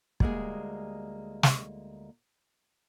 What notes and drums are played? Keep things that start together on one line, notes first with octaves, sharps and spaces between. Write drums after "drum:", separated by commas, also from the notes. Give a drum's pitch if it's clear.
D2 G3 G#3 A#3 G#4, drum: kick
drum: snare